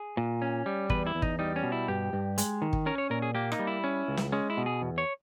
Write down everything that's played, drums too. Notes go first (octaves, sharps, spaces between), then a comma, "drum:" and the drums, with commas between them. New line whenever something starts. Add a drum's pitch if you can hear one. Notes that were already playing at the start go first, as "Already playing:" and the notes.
Already playing: G#4
A#2
C#4
G3
E2 B4, drum: kick
E4
E2
D#4, drum: kick
G3 D#4
C#4
B2
E4
G2 G4
G2
G#3, drum: hi-hat
D#3
drum: kick
C#4 A#4
C#5
A#2 A#4
G#4
A#3 G4
D#4, drum: rim click
G3
E4
C#4
C#2
drum: snare
G#3 C#4
E4
B2
G#4
E2
C#5